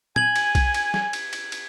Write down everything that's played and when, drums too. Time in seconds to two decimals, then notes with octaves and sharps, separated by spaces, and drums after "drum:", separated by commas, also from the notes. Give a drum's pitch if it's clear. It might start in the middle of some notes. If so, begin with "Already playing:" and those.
0.16 G#5 G#6 F#7, drum: tom
0.36 drum: cymbal
0.55 drum: kick B1, cymbal
0.74 drum: cymbal
0.94 drum: snare
1.13 drum: cymbal
1.33 drum: cymbal
1.52 drum: cymbal